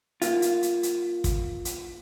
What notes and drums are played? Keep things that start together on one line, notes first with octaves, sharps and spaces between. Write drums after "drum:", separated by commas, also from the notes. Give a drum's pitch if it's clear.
A#3 F4, drum: hi-hat
drum: hi-hat
drum: hi-hat
drum: hi-hat
drum: kick, hi-hat
drum: hi-hat